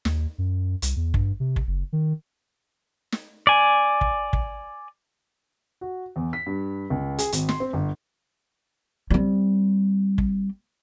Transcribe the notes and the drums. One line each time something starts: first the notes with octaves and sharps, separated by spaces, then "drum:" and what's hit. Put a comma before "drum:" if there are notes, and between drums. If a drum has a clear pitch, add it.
D#2, drum: snare
F#2
C2, drum: hi-hat
E2
G2, drum: kick
C3
drum: kick
F#1
D#3
drum: snare
D5 G#5
drum: kick
drum: kick
F#4
E2
B6
G2
C#2
G#4, drum: hi-hat
G#1, drum: hi-hat
C6, drum: snare
C4
G1
G3 C4
drum: kick